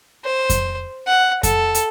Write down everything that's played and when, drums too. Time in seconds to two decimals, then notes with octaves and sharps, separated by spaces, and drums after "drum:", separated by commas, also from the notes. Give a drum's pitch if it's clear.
0.24 C5
0.50 drum: kick F2, hi-hat
1.07 F#5
1.43 A4, drum: kick F2, hi-hat
1.75 drum: hi-hat